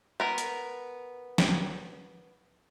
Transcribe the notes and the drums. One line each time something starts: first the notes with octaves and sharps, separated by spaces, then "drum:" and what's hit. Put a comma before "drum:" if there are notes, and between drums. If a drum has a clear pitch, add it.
B3 A#4
drum: hi-hat
drum: snare